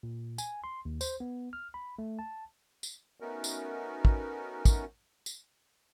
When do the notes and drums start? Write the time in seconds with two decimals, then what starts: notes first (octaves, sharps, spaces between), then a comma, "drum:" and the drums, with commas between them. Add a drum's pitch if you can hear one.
0.03 A#2
0.38 G#5, drum: tambourine
0.64 C6
0.85 D#2
1.01 C5, drum: tambourine
1.20 B3
1.53 F6
1.74 B5
1.99 A3
2.19 A5
2.83 drum: tambourine
3.20 A3 B3 C#4 D#4 F#4 A#4
3.44 drum: tambourine
4.05 drum: kick
4.65 drum: kick, tambourine
5.26 drum: tambourine